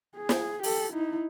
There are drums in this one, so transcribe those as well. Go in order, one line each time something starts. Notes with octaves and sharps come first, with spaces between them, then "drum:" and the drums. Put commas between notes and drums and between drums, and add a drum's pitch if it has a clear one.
G#4
drum: snare
G4 A4, drum: open hi-hat
D#4 E4